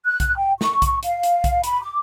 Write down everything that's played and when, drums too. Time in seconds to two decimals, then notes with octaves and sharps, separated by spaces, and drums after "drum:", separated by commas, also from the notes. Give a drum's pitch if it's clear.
0.05 F#6
0.20 drum: kick B1, hi-hat
0.36 G5
0.61 C#6, drum: snare
0.82 drum: kick B1, hi-hat
1.03 F5, drum: hi-hat
1.23 drum: hi-hat
1.44 drum: kick B1, hi-hat
1.64 B5, drum: hi-hat
1.82 D6